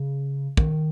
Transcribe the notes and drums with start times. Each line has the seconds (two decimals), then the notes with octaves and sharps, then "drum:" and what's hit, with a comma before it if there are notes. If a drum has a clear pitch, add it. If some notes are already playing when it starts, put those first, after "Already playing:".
Already playing: C#3
0.57 D#3, drum: kick